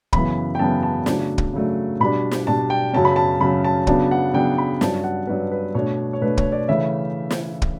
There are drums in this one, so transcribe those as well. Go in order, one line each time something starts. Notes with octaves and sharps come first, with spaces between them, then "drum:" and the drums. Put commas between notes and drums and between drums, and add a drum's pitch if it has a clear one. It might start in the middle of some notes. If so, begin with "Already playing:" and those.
F#2 C#3 E3 B3 B5, drum: kick
G5
F#2 C#3 E3 B3 A5
A5
C#3 F#3 A3 D4, drum: snare
drum: kick
C#3 F#3 A3 D4
B2 G3 D4 B5
drum: snare
B2 G3 D4 A5
G5
F#2 C#3 F#3 C#4 A5
B5
A5
F#2 C#3 F#3 C#4 B5
A5
C#3 F#3 B3 D4 A5, drum: kick
F#5
C#3 F#3 B3 D4 G5
B5
G2 F#3 C#4 A5, drum: snare
F#5
G2 F#3 C#4 B4
B4
B2 A3 D4 C#5
C#5
B2 A3 D4 B4
C#5, drum: kick
D5
C#3 E3 A3 C#4 E5
drum: snare
drum: kick